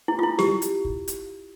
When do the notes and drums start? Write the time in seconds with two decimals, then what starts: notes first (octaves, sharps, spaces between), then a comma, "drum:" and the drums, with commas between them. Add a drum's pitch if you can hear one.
0.08 E4
0.19 F4
0.23 E4
0.39 G4, drum: snare
0.62 drum: hi-hat
0.85 drum: kick
1.08 drum: hi-hat